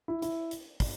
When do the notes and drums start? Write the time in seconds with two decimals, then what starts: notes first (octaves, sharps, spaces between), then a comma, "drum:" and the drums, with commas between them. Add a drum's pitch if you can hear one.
0.08 E4
0.22 E4, drum: hi-hat
0.51 drum: hi-hat
0.80 drum: kick, open hi-hat